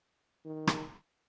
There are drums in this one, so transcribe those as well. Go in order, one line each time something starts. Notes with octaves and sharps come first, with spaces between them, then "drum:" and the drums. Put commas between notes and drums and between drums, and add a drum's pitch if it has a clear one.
D#3
drum: rim click